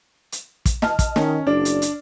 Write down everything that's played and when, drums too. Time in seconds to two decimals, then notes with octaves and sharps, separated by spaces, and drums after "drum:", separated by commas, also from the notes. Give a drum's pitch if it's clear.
0.32 drum: hi-hat
0.66 drum: kick, hi-hat
0.82 D#5 A5 F6, drum: snare
0.99 drum: kick, hi-hat
1.16 D#3 C#4, drum: snare
1.47 F#1 D4 D5
1.65 drum: hi-hat
1.82 drum: hi-hat